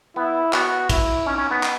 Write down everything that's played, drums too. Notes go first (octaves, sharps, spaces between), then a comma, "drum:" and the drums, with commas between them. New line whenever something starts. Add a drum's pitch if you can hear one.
B3 E4
B3 F#4, drum: clap
E4, drum: kick, cymbal
C#4 D#4
C#4
B3
drum: clap